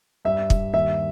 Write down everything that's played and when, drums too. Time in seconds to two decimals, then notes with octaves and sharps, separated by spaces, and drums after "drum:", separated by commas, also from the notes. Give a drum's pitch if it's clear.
0.25 G2 E5
0.50 G2, drum: kick
0.74 D#2 E5